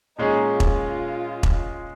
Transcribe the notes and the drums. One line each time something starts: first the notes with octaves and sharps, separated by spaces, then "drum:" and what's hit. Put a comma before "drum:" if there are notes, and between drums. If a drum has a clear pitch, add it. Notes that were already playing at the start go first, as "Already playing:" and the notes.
A#2 G#3 C#4 D#4 G#4
F4, drum: kick E1
drum: kick E1